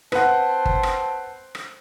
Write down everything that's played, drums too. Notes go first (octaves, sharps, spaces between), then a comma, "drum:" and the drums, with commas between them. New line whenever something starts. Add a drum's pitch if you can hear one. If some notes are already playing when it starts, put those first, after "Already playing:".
C4 B4 C5 F#5 A5, drum: rim click
drum: kick G1
drum: rim click
drum: rim click